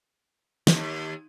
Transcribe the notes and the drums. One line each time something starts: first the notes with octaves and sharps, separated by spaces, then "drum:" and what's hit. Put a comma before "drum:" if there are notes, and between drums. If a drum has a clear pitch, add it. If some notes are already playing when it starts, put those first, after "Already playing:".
D#2, drum: snare